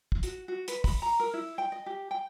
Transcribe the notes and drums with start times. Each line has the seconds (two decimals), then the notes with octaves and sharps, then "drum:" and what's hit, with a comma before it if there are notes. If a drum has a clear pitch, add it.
0.12 drum: kick
0.23 F#4, drum: hi-hat
0.48 F#4
0.68 B4, drum: hi-hat
0.84 B5, drum: kick, open hi-hat
1.02 A#5
1.20 A#4
1.34 E4
1.58 G5
1.72 D#5
1.86 G4
2.11 G5